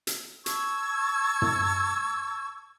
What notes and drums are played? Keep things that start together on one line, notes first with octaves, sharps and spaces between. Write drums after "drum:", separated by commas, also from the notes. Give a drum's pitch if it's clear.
drum: hi-hat
A5 C#6 E6 G#6, drum: hi-hat
drum: tom